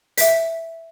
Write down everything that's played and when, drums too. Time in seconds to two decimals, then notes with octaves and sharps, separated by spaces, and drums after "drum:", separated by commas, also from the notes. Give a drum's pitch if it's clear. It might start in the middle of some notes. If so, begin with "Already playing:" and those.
0.17 E5 B6, drum: hi-hat